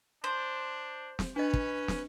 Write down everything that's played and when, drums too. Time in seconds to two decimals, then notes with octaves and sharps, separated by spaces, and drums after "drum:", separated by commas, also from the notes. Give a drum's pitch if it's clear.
0.24 D4 C5
1.19 drum: snare
1.36 C#4 D4 B4 D#5
1.54 drum: kick
1.88 drum: snare